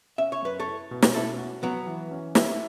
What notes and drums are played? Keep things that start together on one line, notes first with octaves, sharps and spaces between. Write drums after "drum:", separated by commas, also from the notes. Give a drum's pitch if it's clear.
C#4 E5
C#5
F#2 B4
A4 C#5
E4
B2
drum: snare
C#4 E4 A4
F#4
F#3 B3 F#4
E3
C#4
E4, drum: snare